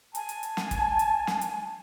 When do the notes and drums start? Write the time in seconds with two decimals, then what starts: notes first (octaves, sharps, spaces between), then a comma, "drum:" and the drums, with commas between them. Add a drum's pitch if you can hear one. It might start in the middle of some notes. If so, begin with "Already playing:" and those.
0.15 G#5 A5, drum: hi-hat
0.29 drum: hi-hat
0.43 drum: hi-hat
0.57 drum: snare
0.71 drum: kick, hi-hat
0.99 drum: hi-hat
1.27 drum: snare
1.41 drum: hi-hat